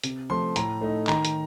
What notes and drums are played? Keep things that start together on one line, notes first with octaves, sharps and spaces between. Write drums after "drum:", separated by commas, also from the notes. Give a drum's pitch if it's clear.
C3, drum: hi-hat
F3 A3 C6
A2 A#5, drum: hi-hat
A3 D#4
D#3 A#5, drum: clap
drum: hi-hat